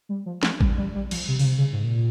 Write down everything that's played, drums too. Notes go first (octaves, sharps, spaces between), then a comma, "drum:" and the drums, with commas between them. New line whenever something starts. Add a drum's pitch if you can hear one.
G3
F3
F3, drum: snare
G3, drum: kick A1
G3
G3
F3, drum: cymbal
C3
C#3, drum: open hi-hat
C3
C#3
G#2
A#2